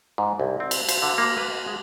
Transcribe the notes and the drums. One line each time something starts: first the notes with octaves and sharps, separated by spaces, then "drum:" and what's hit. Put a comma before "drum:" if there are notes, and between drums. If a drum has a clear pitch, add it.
G#2
C2
C4
drum: cymbal
C5, drum: cymbal
D3
A#3
B4
D#5
G#3